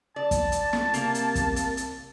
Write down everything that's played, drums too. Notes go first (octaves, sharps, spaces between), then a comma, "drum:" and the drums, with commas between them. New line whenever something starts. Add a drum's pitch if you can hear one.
D5 A5
drum: kick, hi-hat
drum: hi-hat
drum: snare
C3 A#3, drum: hi-hat
drum: hi-hat
drum: kick, hi-hat
drum: hi-hat
drum: hi-hat